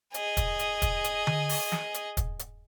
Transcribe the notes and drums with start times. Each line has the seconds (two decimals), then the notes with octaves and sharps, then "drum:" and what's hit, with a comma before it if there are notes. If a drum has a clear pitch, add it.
0.14 G#4 D#5, drum: hi-hat
0.37 drum: kick, hi-hat
0.59 drum: hi-hat
0.82 drum: kick, hi-hat
1.04 drum: hi-hat
1.27 drum: tom D3
1.49 drum: open hi-hat
1.72 drum: snare
1.94 drum: hi-hat
2.17 drum: kick, hi-hat
2.39 drum: hi-hat